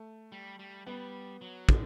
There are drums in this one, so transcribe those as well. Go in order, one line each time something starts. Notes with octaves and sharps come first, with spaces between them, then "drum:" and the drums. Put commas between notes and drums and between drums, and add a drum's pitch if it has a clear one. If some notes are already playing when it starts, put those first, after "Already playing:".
Already playing: A3
G3
G3
G3 B3
F#3
D3, drum: kick